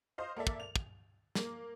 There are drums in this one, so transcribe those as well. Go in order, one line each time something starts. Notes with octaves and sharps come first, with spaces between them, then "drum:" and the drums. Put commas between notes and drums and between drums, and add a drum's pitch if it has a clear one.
C5 D#5 F5
A#3 A4 D5 E5
drum: kick
F7
drum: kick
A#3, drum: snare